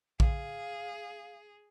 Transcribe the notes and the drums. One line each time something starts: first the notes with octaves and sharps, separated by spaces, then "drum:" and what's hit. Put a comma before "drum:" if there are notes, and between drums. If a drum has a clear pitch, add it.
G#4 F5, drum: kick A#1